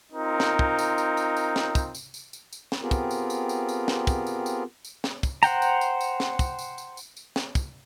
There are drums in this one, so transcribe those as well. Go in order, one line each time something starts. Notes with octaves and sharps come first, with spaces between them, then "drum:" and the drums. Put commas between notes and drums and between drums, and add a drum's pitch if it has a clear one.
C4 D#4 F4 A#4
drum: snare
drum: kick
drum: tambourine
drum: tambourine
drum: tambourine
drum: tambourine
drum: snare
drum: kick, tambourine
drum: tambourine
drum: tambourine
drum: tambourine
drum: tambourine
drum: snare
B3 C4 F4 G4 G#4 A#4
drum: kick, tambourine
drum: tambourine
drum: tambourine
drum: tambourine
drum: tambourine
drum: snare
drum: kick, tambourine
drum: tambourine
drum: tambourine
drum: tambourine
drum: snare
drum: kick, tambourine
C5 F#5 G5 A#5, drum: tambourine
drum: tambourine
drum: tambourine
drum: tambourine
drum: snare
drum: kick, tambourine
drum: tambourine
drum: tambourine
drum: tambourine
drum: tambourine
drum: snare
drum: kick, tambourine